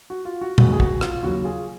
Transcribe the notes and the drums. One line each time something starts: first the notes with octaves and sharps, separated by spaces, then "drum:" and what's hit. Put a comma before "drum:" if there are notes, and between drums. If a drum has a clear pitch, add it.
F#4
F4
F#4
F1 D#2 C#3 G#3 F#4, drum: tom
G#4
F#4, drum: kick
F4, drum: rim click
D#2 C#3 F#3 F#4
F4 G#4